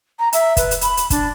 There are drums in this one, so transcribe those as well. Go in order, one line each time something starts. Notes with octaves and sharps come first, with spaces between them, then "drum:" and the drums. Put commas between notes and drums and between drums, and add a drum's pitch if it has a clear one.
A#5
E5, drum: hi-hat
B4, drum: kick, hi-hat
drum: hi-hat
B5, drum: hi-hat
drum: hi-hat
D4, drum: kick, hi-hat